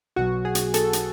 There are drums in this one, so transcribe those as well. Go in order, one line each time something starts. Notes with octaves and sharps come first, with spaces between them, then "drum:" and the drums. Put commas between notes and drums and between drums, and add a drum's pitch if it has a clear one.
B1 B2 F#3 F#4
G#4
drum: hi-hat
A4, drum: hi-hat
drum: hi-hat